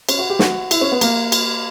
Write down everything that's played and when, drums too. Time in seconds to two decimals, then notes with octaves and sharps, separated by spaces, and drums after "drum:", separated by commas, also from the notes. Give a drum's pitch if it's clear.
0.09 C#4, drum: cymbal
0.19 F#4
0.30 G4
0.39 F#4, drum: snare
0.71 E4, drum: cymbal
0.81 C#4
0.92 B3
1.01 A#3, drum: cymbal
1.32 drum: cymbal